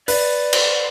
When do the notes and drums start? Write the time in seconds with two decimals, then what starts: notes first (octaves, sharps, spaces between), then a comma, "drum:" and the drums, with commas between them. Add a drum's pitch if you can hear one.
0.08 B4 D5, drum: open hi-hat
0.53 drum: cymbal